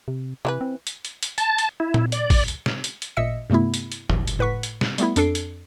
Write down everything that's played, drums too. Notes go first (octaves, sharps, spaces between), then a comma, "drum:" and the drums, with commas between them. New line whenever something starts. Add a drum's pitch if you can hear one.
C3
C3 E3 E4 B4
C4
drum: hi-hat
drum: hi-hat
drum: hi-hat
A5, drum: hi-hat
drum: hi-hat
E4
drum: tom A#2
D5, drum: hi-hat
drum: kick, open hi-hat
drum: hi-hat
drum: snare
drum: hi-hat
drum: hi-hat
A1 A#2 D#5 E5 E6 C#7
G2 C3 A3 B3 E4
drum: hi-hat
drum: hi-hat
drum: tom
drum: hi-hat
A2 B4 F#5 C#6 B6
drum: hi-hat
drum: snare
G3 A3 B3 E4, drum: hi-hat
F2 D4 A4 C7 D7, drum: hi-hat
drum: hi-hat